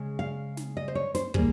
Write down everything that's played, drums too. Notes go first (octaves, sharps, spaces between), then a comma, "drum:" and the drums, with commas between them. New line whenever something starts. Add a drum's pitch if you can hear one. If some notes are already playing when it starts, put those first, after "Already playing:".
Already playing: C#3 G#3
F5
drum: snare
D#5
C5
C#5
C5, drum: snare
D#3 G3 A#3 G#4, drum: kick